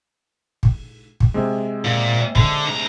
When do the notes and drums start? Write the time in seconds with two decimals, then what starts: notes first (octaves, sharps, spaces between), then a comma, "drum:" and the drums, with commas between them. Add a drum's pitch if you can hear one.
0.63 drum: kick G#1
1.20 drum: kick G#1
1.34 C3 G#3
1.84 A#2
2.35 D3, drum: kick G#1
2.66 D2 A#5